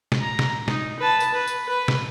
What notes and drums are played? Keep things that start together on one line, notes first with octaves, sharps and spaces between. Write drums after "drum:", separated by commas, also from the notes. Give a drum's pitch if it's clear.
drum: snare
A#5
drum: snare
D#4, drum: snare
B4 A5
drum: tambourine
B4
drum: tambourine
B4
drum: snare